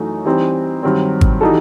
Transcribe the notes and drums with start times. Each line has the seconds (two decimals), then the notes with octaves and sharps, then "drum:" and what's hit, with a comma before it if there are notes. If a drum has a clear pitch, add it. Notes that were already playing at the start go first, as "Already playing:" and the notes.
Already playing: F#2 E3 A3 D#4 F#4
0.25 E3 G3 C4 D#4
0.83 G2 D#3 F#3 C4
1.21 drum: kick G#1
1.41 E3 G3 D#4 F#4 A4